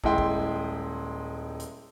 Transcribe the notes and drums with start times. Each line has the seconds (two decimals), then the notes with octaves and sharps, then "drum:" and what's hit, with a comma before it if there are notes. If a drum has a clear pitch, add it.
0.04 D#1 G#3 E4 G5 C6, drum: kick
0.18 drum: kick
1.60 drum: hi-hat